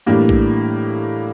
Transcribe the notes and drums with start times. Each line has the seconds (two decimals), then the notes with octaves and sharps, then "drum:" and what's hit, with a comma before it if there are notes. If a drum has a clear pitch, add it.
0.06 A2 E3 G3 A#3 D4
0.29 drum: kick A#1